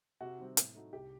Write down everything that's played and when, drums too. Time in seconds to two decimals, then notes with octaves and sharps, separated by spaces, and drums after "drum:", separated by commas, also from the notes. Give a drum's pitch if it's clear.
0.21 C3 F#4
0.38 D#3 G3 C4
0.57 A2, drum: hi-hat
0.75 A3 D#4 F#4
0.93 C2 G4